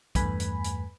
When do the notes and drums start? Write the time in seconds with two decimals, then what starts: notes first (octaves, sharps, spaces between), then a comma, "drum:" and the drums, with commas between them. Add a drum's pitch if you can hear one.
0.15 E2 G2 A3 B4 G#5 B5, drum: kick B1, hi-hat
0.40 drum: hi-hat
0.64 drum: hi-hat